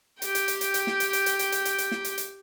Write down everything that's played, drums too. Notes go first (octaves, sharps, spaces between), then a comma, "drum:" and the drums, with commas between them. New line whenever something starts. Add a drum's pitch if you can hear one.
G4 G5, drum: hi-hat
drum: hi-hat
drum: hi-hat
drum: hi-hat
drum: hi-hat
drum: snare
drum: hi-hat
drum: hi-hat
drum: hi-hat
drum: hi-hat
drum: hi-hat
drum: hi-hat
drum: hi-hat
drum: snare
drum: hi-hat
drum: hi-hat